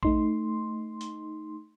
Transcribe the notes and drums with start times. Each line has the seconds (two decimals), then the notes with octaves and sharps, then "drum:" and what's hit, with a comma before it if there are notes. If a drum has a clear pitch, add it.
0.03 A3 D#4 C6, drum: kick
1.01 drum: hi-hat